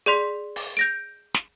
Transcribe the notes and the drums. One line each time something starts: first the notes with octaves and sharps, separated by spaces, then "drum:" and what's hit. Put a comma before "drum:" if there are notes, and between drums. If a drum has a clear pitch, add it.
G#4 D5 C6 B6
drum: open hi-hat
G6 A#6 D7
drum: snare